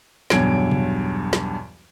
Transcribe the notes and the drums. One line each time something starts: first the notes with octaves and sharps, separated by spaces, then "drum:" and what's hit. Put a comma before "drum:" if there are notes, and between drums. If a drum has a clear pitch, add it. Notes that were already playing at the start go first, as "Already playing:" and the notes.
B1 E2 G2 F#3 G#6 D7, drum: snare
drum: tom C3
drum: snare